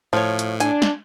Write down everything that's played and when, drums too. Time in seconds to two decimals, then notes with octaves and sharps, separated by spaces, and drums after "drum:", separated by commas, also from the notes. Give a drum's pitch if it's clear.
0.13 A2 F3 C#5
0.39 drum: hi-hat
0.60 D4 G#5, drum: hi-hat
0.82 drum: snare